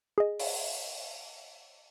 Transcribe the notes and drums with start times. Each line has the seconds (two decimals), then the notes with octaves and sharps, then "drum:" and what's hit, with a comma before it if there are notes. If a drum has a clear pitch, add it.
0.18 G#4 D#5
0.40 drum: open hi-hat